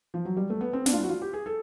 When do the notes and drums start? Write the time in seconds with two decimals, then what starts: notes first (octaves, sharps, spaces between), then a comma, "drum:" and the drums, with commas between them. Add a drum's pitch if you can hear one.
0.14 F3
0.25 F#3
0.37 G3
0.50 A3
0.61 B3
0.73 C4
0.86 D4, drum: snare
0.93 F4
0.98 E4
1.03 F#4
1.09 F4
1.22 G4
1.33 G#4
1.46 A4